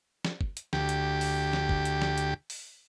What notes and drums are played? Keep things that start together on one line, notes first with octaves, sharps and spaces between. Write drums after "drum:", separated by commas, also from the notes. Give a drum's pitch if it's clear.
drum: snare
drum: kick
drum: hi-hat
D2 G4, drum: snare
drum: hi-hat
drum: open hi-hat
drum: snare
drum: kick
drum: hi-hat
drum: snare
drum: hi-hat
drum: open hi-hat